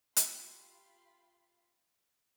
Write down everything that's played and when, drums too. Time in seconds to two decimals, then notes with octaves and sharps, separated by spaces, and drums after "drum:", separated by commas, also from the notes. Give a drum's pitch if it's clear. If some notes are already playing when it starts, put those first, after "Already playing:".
0.17 F4 G4 F5 B5 C6, drum: hi-hat